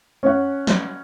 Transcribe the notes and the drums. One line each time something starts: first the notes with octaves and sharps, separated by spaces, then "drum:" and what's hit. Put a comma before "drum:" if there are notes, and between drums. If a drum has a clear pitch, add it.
C#4 F#5
drum: snare